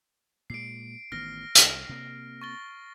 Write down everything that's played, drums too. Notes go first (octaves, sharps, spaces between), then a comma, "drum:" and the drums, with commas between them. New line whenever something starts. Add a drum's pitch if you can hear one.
A#2 G#3 C7 D7
A1 D#3 B3 F6 A#6
C2, drum: hi-hat
C3 A#3
C#6 A6 G7